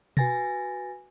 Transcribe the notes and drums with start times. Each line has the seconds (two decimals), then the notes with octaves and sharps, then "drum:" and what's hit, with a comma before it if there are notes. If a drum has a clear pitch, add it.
0.17 F#4 B4 G#5 A6 A#6, drum: tom B2